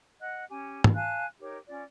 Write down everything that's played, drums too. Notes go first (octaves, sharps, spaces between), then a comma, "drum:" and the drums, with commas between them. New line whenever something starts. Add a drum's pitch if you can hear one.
D#5 F#5 F#6
C#4 G4 G#5
drum: tom
F5 G#5 A5 F#6
D#4 G4 A#4 C#5
C#4 F4 D5